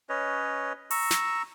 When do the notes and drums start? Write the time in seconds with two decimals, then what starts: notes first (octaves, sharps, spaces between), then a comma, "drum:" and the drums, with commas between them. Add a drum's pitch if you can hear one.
0.09 C#4 B4 C#5 D#5
0.91 A#5 C#6 E6, drum: open hi-hat
1.11 drum: snare